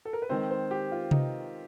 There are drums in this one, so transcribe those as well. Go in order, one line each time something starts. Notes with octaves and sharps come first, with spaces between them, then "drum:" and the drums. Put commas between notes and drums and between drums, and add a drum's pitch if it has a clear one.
A4
A#4
B4
D#3 G#3 C4 C5
C5
G4
F4
D#4, drum: tom C3